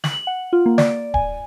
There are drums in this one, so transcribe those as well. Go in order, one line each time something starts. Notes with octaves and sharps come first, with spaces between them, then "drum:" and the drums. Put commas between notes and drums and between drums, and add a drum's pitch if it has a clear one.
F#7, drum: snare
F#5
F4
A#3
D5, drum: snare
G#5, drum: kick D1